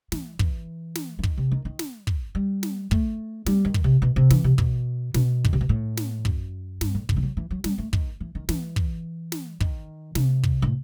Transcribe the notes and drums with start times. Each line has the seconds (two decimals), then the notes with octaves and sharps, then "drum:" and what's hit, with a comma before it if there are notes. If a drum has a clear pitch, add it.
0.12 E3, drum: snare
0.39 E3, drum: kick
0.95 drum: snare
1.19 E3
1.23 D#3, drum: kick
1.37 C3
1.51 D#3
1.65 D#3
1.79 drum: snare
2.07 drum: kick
2.35 G3
2.63 drum: snare
2.91 A3, drum: kick
3.46 G3, drum: snare
3.65 D#3
3.74 drum: kick
3.84 C3
4.02 B2
4.16 C3
4.30 E3, drum: snare
4.44 C3
4.58 B2, drum: kick
5.14 B2, drum: snare
5.45 D#3, drum: kick
5.53 C3
5.61 B2
5.69 A2
5.97 drum: snare
6.25 F#2, drum: kick
6.81 G2, drum: snare
6.95 A2
7.09 C3, drum: kick
7.16 E3
7.23 F#3
7.37 E3
7.51 F#3
7.64 G3, drum: snare
7.78 A3
7.93 D#3, drum: kick
8.20 E3
8.35 D#3
8.49 E3, drum: snare
8.76 drum: kick
9.32 drum: snare
9.60 D#3, drum: kick
10.15 C3, drum: snare
10.43 drum: kick
10.62 A2